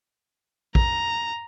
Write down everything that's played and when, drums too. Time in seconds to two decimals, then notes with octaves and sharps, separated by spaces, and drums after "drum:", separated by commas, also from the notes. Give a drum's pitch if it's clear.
0.75 A#5, drum: kick